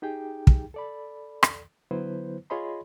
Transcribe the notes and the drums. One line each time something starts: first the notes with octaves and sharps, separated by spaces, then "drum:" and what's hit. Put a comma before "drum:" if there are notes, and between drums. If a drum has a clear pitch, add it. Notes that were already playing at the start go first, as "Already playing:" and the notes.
D#4 G4 G#4 G5
drum: kick
A4 D5 B5
drum: rim click
D3 F#3 B3 E4 B4 C5
F4 G#4 C#5 D#5 B5 C6